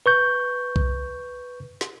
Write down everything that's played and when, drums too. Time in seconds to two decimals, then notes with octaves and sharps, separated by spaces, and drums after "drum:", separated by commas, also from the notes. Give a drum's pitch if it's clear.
0.06 B4 C#6 G6
0.76 drum: kick C2
1.81 drum: snare